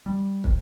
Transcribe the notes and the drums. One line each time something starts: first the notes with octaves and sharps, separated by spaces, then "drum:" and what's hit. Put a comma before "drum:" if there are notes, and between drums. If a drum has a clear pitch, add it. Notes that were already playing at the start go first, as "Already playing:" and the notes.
G3
drum: kick